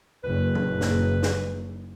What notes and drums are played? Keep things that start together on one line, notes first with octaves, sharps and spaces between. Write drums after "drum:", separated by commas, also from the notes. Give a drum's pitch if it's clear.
F#1 B4
drum: tom
drum: snare
drum: snare